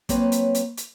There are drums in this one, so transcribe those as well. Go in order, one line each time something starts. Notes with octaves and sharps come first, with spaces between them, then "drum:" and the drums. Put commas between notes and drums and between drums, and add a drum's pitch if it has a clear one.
F#3 A#3 C4 B4 C#5, drum: kick, hi-hat
drum: hi-hat
drum: hi-hat
drum: hi-hat